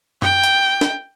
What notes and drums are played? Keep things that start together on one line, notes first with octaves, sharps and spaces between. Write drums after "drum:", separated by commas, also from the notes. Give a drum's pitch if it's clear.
G5, drum: tom F#2
drum: hi-hat
drum: snare